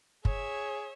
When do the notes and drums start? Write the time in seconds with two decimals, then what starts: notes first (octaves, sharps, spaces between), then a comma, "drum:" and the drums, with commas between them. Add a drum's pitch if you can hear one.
0.25 G#4 C#5 E5, drum: kick